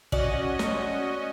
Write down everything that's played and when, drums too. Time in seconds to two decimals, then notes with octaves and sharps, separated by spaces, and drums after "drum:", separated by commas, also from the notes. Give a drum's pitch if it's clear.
0.12 C#4 F#4 D5 D#5, drum: kick
0.59 drum: snare